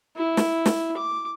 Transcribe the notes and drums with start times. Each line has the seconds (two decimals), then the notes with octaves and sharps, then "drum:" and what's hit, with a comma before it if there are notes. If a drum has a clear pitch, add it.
0.16 E4
0.37 drum: snare
0.66 drum: snare
0.97 D6